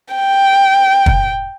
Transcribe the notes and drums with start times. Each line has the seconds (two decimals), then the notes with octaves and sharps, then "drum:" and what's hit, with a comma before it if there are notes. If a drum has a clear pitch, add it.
0.15 G5
1.06 drum: kick